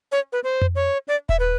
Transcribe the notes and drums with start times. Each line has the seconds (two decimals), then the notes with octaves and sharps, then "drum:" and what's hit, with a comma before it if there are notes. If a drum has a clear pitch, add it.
0.12 C#5
0.33 B4
0.44 C5
0.62 drum: tom F2
0.75 C#5
1.08 D5
1.29 E5, drum: kick D#1
1.40 B4